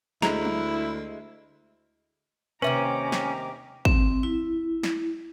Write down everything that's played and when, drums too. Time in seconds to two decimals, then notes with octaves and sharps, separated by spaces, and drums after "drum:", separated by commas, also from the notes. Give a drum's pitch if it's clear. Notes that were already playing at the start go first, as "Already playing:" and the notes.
0.22 D2 G#3 E4 A#5, drum: snare
0.45 drum: tom F#3
2.62 D#2 C3 D#3 C#4 B4 E5 A#5 D6
3.12 drum: snare
3.85 C4, drum: kick
4.23 E4
4.83 drum: snare